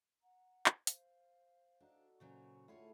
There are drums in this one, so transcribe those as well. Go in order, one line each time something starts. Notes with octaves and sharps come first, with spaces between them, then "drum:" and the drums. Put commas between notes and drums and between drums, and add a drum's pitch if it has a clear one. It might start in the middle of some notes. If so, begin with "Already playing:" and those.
F#5 A#5
drum: clap
C5 F5, drum: hi-hat
D4 D#4 F#4 A4
A#2 C#3 F#3 C5 G#5 C#6
A2 D3 E4 F4 G#4 C#5